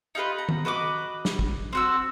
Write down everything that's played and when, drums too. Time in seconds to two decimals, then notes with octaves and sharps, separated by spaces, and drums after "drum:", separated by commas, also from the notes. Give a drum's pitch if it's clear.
0.15 D#4 F4 G4 B4
0.38 A#5
0.49 drum: tom D#3
0.65 F#4 B4 D#5 D6
1.25 drum: snare
1.39 drum: kick
1.73 C4 F#4 E6